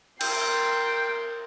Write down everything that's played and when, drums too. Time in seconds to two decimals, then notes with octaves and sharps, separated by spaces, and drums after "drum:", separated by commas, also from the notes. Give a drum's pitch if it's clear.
0.21 A#4 G5 C6, drum: cymbal